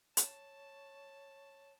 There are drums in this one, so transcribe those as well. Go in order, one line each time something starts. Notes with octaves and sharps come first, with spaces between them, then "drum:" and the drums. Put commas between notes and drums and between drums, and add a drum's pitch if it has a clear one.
C#5 A5, drum: hi-hat